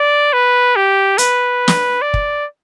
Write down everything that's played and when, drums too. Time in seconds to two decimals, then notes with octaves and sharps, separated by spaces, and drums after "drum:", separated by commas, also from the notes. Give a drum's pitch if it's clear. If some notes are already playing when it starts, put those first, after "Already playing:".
Already playing: D5
0.33 B4
0.76 G4
1.18 B4, drum: hi-hat
1.68 drum: snare
2.02 D5
2.14 drum: kick